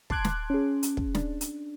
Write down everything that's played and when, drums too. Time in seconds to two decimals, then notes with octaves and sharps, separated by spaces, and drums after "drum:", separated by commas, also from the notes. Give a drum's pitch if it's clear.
0.10 A5 C6 D6 F#6 G#6 D7, drum: kick
0.24 drum: snare
0.50 C#4 G#4
0.83 drum: hi-hat
0.97 drum: kick
1.15 D4, drum: snare
1.41 drum: hi-hat